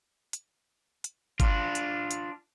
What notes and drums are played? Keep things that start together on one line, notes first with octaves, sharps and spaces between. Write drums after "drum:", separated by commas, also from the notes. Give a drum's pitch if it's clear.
drum: hi-hat
drum: hi-hat
D4 F4, drum: kick G1, hi-hat
drum: hi-hat
drum: hi-hat